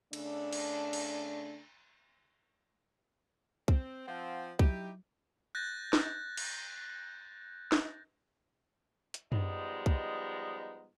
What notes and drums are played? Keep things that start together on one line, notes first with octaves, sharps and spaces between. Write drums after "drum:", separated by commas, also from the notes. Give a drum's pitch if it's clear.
C#3 A3 D4, drum: cymbal
drum: cymbal
drum: cymbal
C4, drum: kick
F3 C4 F5 F#5
F#3 D#4 E4 G4, drum: kick
F#6 G6 A6 A#6
drum: snare
drum: cymbal
drum: snare
drum: hi-hat
F3 G3 G#3 B3 D#4, drum: tom F#2
drum: kick